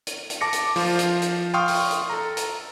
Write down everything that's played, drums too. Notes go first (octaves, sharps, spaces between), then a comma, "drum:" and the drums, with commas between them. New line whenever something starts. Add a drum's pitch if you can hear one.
drum: hi-hat
drum: hi-hat
A5 D6 A#6 C#7
drum: hi-hat
F3 F4 C5, drum: open hi-hat
drum: hi-hat
drum: hi-hat
F5 G5 C6 C#6 D#6 F6
drum: open hi-hat
drum: hi-hat
A4 A#5
drum: hi-hat